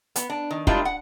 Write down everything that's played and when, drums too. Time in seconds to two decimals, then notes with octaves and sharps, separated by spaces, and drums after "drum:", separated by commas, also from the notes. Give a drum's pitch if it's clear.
0.16 B3, drum: hi-hat
0.30 D4
0.51 D#3
0.67 G3 G#3 A#3 D4 E4 F4, drum: kick
0.85 F#5